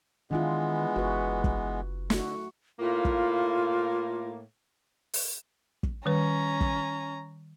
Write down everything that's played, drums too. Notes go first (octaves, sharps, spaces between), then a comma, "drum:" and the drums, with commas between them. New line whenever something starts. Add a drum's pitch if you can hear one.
D#3 E3 G#3 B3 D4 E4 F4
F#1 F#4 B4
drum: kick
D3 A3 F#4, drum: snare
A2 A#3 F4
drum: kick
drum: open hi-hat
drum: kick
D#3 G3 C#4 B4 A#5
drum: kick